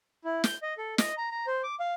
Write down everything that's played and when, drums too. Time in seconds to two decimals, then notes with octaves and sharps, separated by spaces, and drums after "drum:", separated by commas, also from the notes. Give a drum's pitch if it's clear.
0.25 E4
0.44 G6, drum: snare
0.62 D#5
0.78 A4
0.98 D#5, drum: snare
1.17 A#5
1.31 A#5
1.47 C5
1.64 D6
1.80 F5